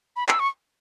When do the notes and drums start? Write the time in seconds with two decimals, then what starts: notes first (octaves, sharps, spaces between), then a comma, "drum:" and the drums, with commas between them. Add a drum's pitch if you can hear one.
0.16 B5
0.29 E6, drum: clap
0.40 C#6